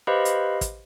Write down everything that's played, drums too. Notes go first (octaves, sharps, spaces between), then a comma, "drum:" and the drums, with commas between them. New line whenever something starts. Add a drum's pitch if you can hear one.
G4 B4 C5 D#5 F5 B5
drum: hi-hat
drum: kick, hi-hat